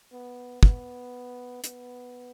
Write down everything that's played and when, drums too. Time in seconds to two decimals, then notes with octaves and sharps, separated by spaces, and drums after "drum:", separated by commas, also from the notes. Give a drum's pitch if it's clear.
0.12 B3
0.63 B3, drum: kick
1.64 B3, drum: hi-hat